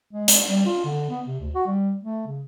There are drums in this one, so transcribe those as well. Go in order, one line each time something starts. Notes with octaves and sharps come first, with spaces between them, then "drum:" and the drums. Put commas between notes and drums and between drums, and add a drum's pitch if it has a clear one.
G#3
drum: hi-hat
G3
F4
D3
B3
C3
D2
F#4
G3
A3
C#3